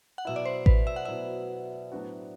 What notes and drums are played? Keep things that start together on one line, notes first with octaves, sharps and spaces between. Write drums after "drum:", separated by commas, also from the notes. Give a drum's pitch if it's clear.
F#5
B2 F#3 B3 E4 E5
D5
C5
B4, drum: kick A1
E5
F#5
B2 F#3 B3 E4 E5
A2 F#3 B3 D4 F#4